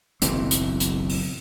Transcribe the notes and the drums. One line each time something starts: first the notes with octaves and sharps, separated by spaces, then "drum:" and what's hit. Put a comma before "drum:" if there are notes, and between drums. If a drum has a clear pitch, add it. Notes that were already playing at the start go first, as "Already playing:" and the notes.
F#1 B1 E3 C4, drum: hi-hat
drum: hi-hat
drum: hi-hat
drum: open hi-hat